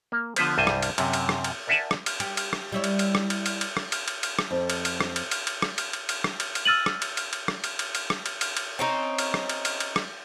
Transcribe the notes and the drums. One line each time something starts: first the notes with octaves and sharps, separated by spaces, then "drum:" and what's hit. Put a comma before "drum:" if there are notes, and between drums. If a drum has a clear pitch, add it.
A#3
D3 F3 B3 B4 C5, drum: cymbal
C2 G2 G3 C5 G#5
drum: rim click
drum: cymbal
F#2 C3, drum: cymbal
drum: cymbal
drum: rim click
drum: cymbal
A#4 D5 E5 F#5 G#5 A5
drum: rim click
drum: cymbal
G4, drum: cymbal
drum: cymbal
drum: rim click
G3 E4 C#5
drum: cymbal
drum: cymbal
drum: rim click
drum: cymbal
drum: cymbal
drum: cymbal
drum: rim click
drum: cymbal
drum: cymbal
drum: cymbal
drum: rim click
F2
drum: cymbal
drum: cymbal
drum: rim click
drum: cymbal
drum: cymbal
drum: cymbal
drum: rim click
drum: cymbal
drum: cymbal
drum: cymbal
drum: rim click
drum: cymbal
drum: cymbal
E6 F6 A6 D#7 F#7
drum: rim click
drum: cymbal
drum: cymbal
drum: cymbal
drum: rim click
drum: cymbal
drum: cymbal
drum: cymbal
drum: rim click
drum: cymbal
drum: cymbal
drum: cymbal
C4 C#4 D#4
drum: cymbal
drum: rim click
drum: cymbal
drum: cymbal
drum: cymbal
drum: rim click